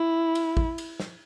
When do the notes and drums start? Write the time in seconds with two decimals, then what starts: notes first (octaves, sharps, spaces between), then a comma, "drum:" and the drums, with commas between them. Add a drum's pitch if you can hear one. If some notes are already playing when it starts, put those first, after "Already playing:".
Already playing: E4
0.35 drum: cymbal
0.57 drum: kick
0.78 drum: cymbal
1.00 drum: snare